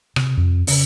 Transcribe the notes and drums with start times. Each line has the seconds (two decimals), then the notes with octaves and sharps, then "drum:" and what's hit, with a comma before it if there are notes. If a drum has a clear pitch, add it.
0.16 C3, drum: rim click
0.37 F2
0.67 C#3 C#4, drum: open hi-hat